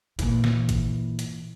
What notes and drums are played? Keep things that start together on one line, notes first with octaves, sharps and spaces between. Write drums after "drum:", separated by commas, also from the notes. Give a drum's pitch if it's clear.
A#2 E3, drum: kick G#1, hi-hat
drum: snare
drum: kick G#1, hi-hat
drum: hi-hat